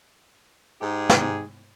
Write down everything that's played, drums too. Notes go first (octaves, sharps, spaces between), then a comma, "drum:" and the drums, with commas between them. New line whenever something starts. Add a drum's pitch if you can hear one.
G#2 D#4 G4 G#4
drum: snare